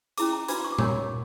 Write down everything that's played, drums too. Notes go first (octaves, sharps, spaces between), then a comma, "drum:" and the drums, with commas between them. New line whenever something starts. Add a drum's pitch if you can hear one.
C#4 E4 G#4 D6, drum: hi-hat
A#5
D4 F#4 B4 B5, drum: hi-hat
C#6
D6
D4 F#4 A#4 C#5 C#6, drum: tom A#2